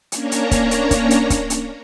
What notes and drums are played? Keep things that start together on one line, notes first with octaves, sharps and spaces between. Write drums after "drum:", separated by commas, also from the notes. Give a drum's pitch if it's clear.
A#3 C#4 D4 C#5 A#5, drum: hi-hat
drum: hi-hat
drum: kick, hi-hat
drum: hi-hat
drum: kick, hi-hat
drum: hi-hat
drum: kick, hi-hat
drum: hi-hat